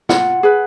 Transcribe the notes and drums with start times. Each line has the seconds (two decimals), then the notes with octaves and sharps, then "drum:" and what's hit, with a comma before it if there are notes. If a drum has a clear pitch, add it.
0.09 F4 F#5, drum: snare
0.43 G#4 B4